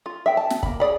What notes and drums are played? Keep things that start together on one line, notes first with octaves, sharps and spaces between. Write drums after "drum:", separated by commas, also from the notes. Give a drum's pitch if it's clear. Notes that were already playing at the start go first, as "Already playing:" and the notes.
F4
E5 G5
A5
drum: snare
A#3 B5, drum: kick
G#4 D5 B5